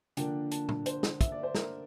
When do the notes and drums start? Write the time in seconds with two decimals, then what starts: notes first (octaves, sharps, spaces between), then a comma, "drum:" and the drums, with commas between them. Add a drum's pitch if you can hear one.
0.17 D3 F3 A#3 D4 G5, drum: hi-hat
0.51 A5, drum: hi-hat
0.69 drum: tom A#2
0.86 C5, drum: hi-hat
1.03 drum: snare
1.21 E5, drum: kick, hi-hat
1.32 D5
1.43 C5
1.55 A#4, drum: snare